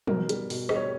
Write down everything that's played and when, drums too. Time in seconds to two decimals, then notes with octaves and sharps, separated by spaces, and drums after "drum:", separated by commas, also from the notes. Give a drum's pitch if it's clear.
0.07 B2 A#4, drum: tom
0.29 G3, drum: hi-hat
0.50 B2, drum: open hi-hat
0.69 G3 D#5, drum: rim click
0.76 C#5